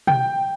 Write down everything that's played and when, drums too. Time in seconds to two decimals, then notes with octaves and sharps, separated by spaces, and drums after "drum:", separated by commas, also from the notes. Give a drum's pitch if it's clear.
0.07 G5, drum: tom B2